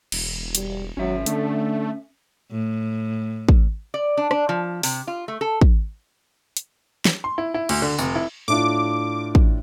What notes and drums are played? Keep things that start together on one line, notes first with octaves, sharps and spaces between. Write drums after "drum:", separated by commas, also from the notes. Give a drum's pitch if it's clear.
E1, drum: cymbal
G3, drum: hi-hat
G#1 F#3 C#4 E5
D3 A3, drum: hi-hat
A2
drum: kick
D5
D4
D4, drum: rim click
F3
C3, drum: open hi-hat
F4
A3
A4
drum: kick
drum: hi-hat
drum: snare
C6
E4
E4
D2, drum: cymbal
D3
F1, drum: tambourine
E4
A2 D4 F4 D6
drum: kick